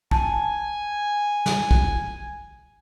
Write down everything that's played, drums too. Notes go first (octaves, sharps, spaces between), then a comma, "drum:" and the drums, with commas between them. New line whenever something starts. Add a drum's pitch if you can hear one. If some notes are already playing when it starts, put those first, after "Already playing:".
G#5 A5, drum: kick
drum: snare
drum: kick